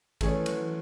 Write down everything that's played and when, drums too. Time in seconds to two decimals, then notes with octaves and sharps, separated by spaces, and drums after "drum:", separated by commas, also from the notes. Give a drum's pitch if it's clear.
0.21 E3 A3 C#4 G#4 C#5, drum: kick A1, cymbal
0.46 F#3, drum: cymbal